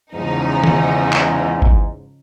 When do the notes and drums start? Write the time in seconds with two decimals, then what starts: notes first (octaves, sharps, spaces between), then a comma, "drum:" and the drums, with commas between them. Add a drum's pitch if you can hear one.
0.14 E2 G#2 C#3 F3 D#4
0.64 drum: tom D#3
1.13 drum: clap
1.62 drum: kick G1